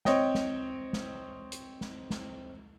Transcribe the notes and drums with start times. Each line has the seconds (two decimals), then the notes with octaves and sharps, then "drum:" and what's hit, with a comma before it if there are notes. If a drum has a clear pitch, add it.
0.05 C4 C#5 D#5 G5, drum: snare
0.35 drum: snare
0.93 drum: snare
1.52 drum: hi-hat
1.81 drum: snare
2.10 drum: snare